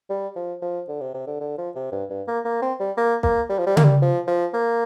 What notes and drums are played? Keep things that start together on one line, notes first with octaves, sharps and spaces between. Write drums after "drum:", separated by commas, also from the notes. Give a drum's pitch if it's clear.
G3
F3
F3
D3
C3
C3
D3
D3
F3
C3
G2
G2
A#3
A#3
C4
G3
A#3
A#3, drum: kick
G3
F3
G3
A#3, drum: tom C#3
G3
F3
F3
A#3